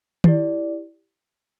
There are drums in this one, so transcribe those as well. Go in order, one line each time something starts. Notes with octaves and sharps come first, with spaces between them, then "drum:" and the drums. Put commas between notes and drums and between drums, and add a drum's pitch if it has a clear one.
E4 G4 D5, drum: tom D#3